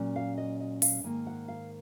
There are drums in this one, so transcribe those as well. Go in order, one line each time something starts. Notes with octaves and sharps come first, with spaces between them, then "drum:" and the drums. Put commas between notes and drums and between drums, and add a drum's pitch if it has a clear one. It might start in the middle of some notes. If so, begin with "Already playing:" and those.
Already playing: A#2 F#3 C#4
F5
D#5
D#5
F5, drum: open hi-hat
G#2 D#3 A#3 G#5
F#5
F5